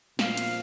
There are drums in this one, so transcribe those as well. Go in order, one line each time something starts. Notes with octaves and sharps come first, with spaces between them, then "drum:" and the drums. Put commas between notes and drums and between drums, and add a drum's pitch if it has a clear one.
A#2 F3 F5, drum: snare
drum: hi-hat